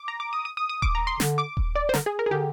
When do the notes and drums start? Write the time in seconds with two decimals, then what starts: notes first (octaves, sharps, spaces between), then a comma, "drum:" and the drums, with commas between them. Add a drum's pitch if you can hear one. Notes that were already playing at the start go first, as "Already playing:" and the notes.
Already playing: D6
0.08 A#5
0.20 D6
0.33 D#6
0.45 D#6
0.57 D#6
0.69 D#6
0.82 D6, drum: kick D#1
0.95 A#5
1.07 C6
1.20 D3, drum: snare
1.38 D6
1.57 drum: kick D#1
1.76 D5
1.89 C5
1.94 D3 A#4, drum: snare
2.06 G#4
2.19 A#4
2.26 G#4
2.31 D3 G4